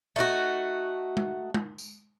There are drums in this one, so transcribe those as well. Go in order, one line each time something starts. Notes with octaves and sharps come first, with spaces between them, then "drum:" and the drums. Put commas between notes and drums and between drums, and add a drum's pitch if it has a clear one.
A3 D#4 F4 F#4
drum: tom G#3
drum: tom G#3
drum: tambourine